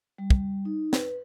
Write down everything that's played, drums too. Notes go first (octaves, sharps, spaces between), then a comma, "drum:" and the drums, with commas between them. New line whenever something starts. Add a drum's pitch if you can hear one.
G3
drum: kick
D#4
B4, drum: snare